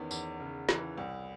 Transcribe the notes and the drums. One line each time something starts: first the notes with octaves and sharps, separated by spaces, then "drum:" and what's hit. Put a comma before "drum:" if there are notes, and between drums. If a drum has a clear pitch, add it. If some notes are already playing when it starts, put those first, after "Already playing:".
Already playing: E2 D#3 B3 C#4
E2, drum: tambourine
C#3
E3, drum: snare
C2